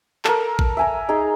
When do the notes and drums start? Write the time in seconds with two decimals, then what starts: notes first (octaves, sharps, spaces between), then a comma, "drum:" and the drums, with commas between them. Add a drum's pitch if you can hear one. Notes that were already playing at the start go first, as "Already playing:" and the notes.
0.25 A4 A#4, drum: clap
0.59 drum: kick A1
0.77 E5 G#5 A#5
1.09 D#4 G#4